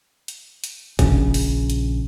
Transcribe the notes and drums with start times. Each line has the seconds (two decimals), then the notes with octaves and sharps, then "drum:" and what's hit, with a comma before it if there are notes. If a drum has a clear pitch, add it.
0.28 drum: hi-hat
0.64 drum: hi-hat
0.99 A#1 C#3, drum: kick, hi-hat
1.34 drum: open hi-hat
1.70 drum: hi-hat